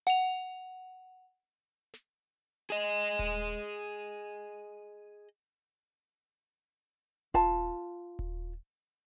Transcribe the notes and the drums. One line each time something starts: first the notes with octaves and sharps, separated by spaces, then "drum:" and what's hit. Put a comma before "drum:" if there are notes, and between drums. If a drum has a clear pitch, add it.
F#5 F7, drum: snare
drum: snare
G#4 D#5, drum: snare
drum: kick D#1
F4 A5, drum: kick D#1
drum: kick D#1